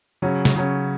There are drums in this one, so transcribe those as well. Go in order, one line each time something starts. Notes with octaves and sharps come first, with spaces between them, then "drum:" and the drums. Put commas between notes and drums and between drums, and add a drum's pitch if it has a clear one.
C#3 F#3 C#4
drum: snare
C#3 F#3 C#4